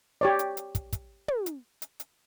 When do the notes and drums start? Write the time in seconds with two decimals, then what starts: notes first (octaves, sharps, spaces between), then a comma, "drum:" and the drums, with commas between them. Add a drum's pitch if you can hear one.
0.21 G4 C#5 D5
0.39 drum: hi-hat
0.57 drum: hi-hat
0.75 drum: kick, hi-hat
0.93 drum: kick, hi-hat
1.28 drum: tom
1.46 drum: hi-hat
1.82 drum: hi-hat
2.00 drum: hi-hat